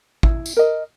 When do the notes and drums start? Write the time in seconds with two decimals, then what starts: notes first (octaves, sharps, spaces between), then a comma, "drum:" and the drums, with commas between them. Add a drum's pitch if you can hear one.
0.23 E4, drum: kick
0.46 drum: tambourine
0.57 A#4 D#5